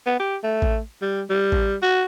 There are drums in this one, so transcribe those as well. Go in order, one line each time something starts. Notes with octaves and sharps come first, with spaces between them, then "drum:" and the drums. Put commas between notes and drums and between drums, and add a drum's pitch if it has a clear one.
B3
G4
A3
drum: kick A1
G3
G3
drum: kick A1
F#4